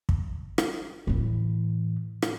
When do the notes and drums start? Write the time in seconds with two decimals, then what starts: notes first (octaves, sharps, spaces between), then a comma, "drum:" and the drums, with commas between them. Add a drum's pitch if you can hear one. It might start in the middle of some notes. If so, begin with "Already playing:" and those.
0.09 drum: kick
0.58 drum: rim click
1.07 A2 E3
2.22 drum: rim click